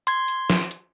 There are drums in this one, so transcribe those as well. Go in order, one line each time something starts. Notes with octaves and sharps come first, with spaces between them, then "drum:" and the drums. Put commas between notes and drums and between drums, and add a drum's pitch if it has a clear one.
C6 G#6, drum: hi-hat
drum: hi-hat
drum: snare
drum: hi-hat